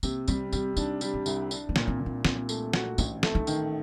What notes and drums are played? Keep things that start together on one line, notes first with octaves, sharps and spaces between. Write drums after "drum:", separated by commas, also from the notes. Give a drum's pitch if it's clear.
C3 A#3, drum: tambourine
G3 C4, drum: tambourine
G3 C4, drum: tambourine
D4 D#4, drum: tambourine
G3, drum: tambourine
D4
C2, drum: tambourine
D4, drum: tambourine
A#3
A#2, drum: snare
C4
A#2
C4
A#2 C4, drum: snare
A3, drum: tambourine
F#4, drum: snare
A1 D4, drum: tambourine
A3, drum: snare
D#4
D#3, drum: tambourine